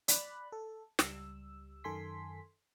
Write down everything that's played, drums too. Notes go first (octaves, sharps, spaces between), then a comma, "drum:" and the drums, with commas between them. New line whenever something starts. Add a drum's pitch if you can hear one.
D5 B5 F#6, drum: hi-hat
A4
C#2 G3 E6, drum: snare
F#2 D#3 A4 G#5 C6 B6